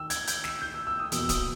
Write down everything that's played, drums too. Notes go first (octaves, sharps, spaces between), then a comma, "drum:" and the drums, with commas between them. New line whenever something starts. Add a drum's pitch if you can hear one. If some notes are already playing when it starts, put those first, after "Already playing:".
Already playing: D#3 G5 E6
G#6, drum: hi-hat
G6, drum: hi-hat
E6, drum: snare
G6
E6
E6
D#6
E2 B2 A#3 E6, drum: hi-hat
E6
D#6, drum: kick D1, hi-hat